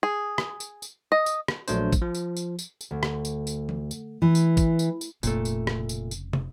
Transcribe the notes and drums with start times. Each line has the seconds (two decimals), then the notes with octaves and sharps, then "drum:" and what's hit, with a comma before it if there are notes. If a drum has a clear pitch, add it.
0.03 G#4
0.38 drum: rim click
0.60 drum: tambourine
0.82 drum: tambourine
1.12 D#5
1.26 drum: tambourine
1.48 drum: rim click
1.68 A#1 F#3 A3 D4 C5, drum: tambourine
1.92 drum: kick, tambourine
2.02 F3
2.15 drum: tambourine
2.37 drum: tambourine
2.59 drum: tambourine
2.81 drum: tambourine
2.91 D2
3.03 drum: rim click
3.25 drum: tambourine
3.47 drum: tambourine
3.69 drum: tom E3
3.91 drum: tambourine
4.22 E3
4.35 drum: tambourine
4.57 drum: kick, tambourine
4.79 drum: tambourine
5.01 drum: tambourine
5.23 F1 A#2 C#3 A3, drum: tambourine
5.45 drum: tambourine
5.67 drum: rim click
5.89 drum: tambourine
6.11 drum: tambourine
6.33 drum: tom